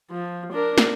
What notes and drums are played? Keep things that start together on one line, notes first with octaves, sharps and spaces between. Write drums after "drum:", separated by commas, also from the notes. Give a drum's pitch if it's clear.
F3
D4 A#4
drum: snare